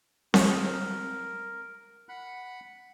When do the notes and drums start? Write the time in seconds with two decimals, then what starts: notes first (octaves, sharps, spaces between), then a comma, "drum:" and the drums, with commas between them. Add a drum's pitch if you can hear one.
0.34 E4 G4 G#4 C5, drum: snare C4
0.54 A#4
2.09 F#5 B5 F#6